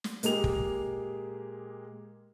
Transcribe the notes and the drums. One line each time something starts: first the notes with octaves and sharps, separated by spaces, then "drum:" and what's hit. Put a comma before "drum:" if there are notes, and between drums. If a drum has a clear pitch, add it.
drum: snare
A#2 G#3 A#3 G4 G#4 F7, drum: hi-hat
drum: kick